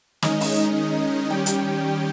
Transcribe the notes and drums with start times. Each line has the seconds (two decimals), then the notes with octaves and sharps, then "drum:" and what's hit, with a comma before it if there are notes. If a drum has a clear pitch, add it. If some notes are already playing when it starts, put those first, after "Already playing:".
0.22 D#3 G#3 C#4 D#4 D#5, drum: snare
0.41 drum: open hi-hat
1.30 D#3 G3 C#4 G4 G5
1.46 drum: hi-hat